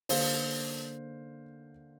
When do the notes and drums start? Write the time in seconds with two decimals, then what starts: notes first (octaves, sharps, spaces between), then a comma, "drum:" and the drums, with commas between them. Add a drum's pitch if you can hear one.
0.09 D3 A#3 C5 F5, drum: open hi-hat